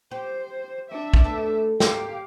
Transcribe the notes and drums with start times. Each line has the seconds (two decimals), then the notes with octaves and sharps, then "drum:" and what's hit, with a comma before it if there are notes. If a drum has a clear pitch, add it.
0.11 G4 C5
0.90 D4 E5
1.14 drum: kick
1.24 A3 B3 A4
1.80 G#2 A#3 G4 F5, drum: snare